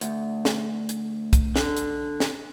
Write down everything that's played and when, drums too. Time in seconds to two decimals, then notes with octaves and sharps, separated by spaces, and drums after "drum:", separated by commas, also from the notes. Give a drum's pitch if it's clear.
0.01 D2, drum: hi-hat
0.45 drum: snare
0.89 drum: hi-hat
1.33 drum: kick, hi-hat
1.56 D3, drum: snare
1.77 drum: hi-hat
2.20 drum: snare